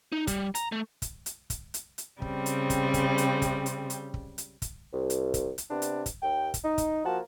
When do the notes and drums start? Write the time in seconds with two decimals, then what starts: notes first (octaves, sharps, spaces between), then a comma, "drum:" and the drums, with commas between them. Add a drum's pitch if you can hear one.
0.12 D#4
0.27 G3, drum: kick, hi-hat
0.55 A#5, drum: hi-hat
0.72 A3
1.02 drum: kick, hi-hat
1.26 drum: hi-hat
1.50 drum: kick, hi-hat
1.74 drum: hi-hat
1.98 drum: hi-hat
2.22 C#3 G3 C4, drum: kick
2.46 drum: hi-hat
2.70 drum: kick, hi-hat
2.94 drum: kick, hi-hat
3.18 drum: hi-hat
3.42 drum: kick, hi-hat
3.66 drum: hi-hat
3.90 drum: hi-hat
4.14 drum: kick
4.38 drum: hi-hat
4.62 drum: kick, hi-hat
4.93 C2
5.10 drum: hi-hat
5.34 drum: kick, hi-hat
5.58 drum: hi-hat
5.70 C3 B3 D4
5.82 drum: hi-hat
6.06 drum: kick, hi-hat
6.22 D#2 G5
6.54 drum: kick, hi-hat
6.64 D#4
6.78 drum: kick, hi-hat
7.05 F3 A#3 F#4 F#5 A5